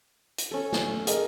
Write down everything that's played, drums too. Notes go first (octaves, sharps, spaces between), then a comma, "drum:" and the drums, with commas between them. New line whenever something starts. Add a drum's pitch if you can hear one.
drum: hi-hat
C#4 A4
drum: snare
G#4 A#4 D#5, drum: hi-hat